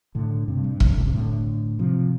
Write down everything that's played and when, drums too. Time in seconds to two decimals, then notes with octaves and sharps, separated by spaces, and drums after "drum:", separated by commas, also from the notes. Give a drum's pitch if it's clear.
0.15 A2 D3
0.48 G2 C3
0.64 G2
0.80 F2 A2, drum: kick
0.89 G2 C3
0.97 A2 D3
1.05 G2 C3
1.14 A2 D3
1.79 C3 F3